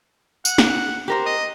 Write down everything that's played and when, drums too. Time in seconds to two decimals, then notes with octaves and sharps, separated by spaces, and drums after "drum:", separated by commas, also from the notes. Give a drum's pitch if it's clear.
0.45 F#5, drum: tambourine
0.58 drum: snare
1.08 G4 A#4 C5
1.26 D#5